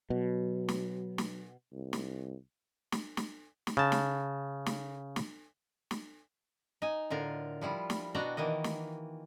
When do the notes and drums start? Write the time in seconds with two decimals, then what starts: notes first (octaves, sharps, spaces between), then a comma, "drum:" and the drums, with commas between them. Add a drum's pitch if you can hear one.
0.10 B2 F#3
0.68 drum: snare
1.18 drum: snare
1.72 C2
1.93 drum: snare
2.92 drum: snare
3.17 drum: snare
3.67 drum: snare
3.77 C#3 A5
3.92 drum: snare
4.66 drum: snare
5.16 drum: snare
5.91 drum: snare
6.82 D#4 G#5
7.10 A2 D3 F4 A#4
7.61 F3 G3 E4 F4
7.90 drum: snare
8.15 B2 D4 F#4 F#5 G5 A#5
8.37 D#3 E3 A#3 D#5
8.64 drum: snare